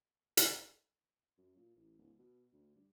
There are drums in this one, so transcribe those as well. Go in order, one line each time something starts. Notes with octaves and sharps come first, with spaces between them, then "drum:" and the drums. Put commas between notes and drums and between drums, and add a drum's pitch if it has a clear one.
drum: hi-hat
F#2
A#2
A1
D1
B2
D2
G2